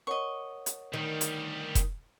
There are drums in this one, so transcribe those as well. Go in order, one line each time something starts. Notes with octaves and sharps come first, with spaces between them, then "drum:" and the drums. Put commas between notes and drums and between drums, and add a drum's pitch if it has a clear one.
A#4 C#5 D#5 F#5 C#6
drum: hi-hat
D2 D#3 G3
drum: hi-hat
drum: kick F1, hi-hat